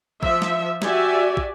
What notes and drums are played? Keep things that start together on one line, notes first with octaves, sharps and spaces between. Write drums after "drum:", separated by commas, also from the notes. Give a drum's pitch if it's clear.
F3 E5, drum: kick
drum: snare
F#4 G4 D5 E5 G#5, drum: snare
drum: kick